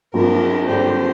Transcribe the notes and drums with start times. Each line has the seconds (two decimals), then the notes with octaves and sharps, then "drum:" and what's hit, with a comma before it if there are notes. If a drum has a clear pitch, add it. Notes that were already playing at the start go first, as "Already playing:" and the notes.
0.14 G2 F3 A#4, drum: cymbal
0.68 G2 D3 G3 C5